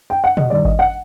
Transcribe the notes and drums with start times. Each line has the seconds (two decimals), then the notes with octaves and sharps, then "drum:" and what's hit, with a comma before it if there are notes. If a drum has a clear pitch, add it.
0.10 G5
0.24 F#5
0.37 D#5, drum: tom
0.50 G2 D#3 D5
0.65 D#5, drum: kick G#1
0.79 F#5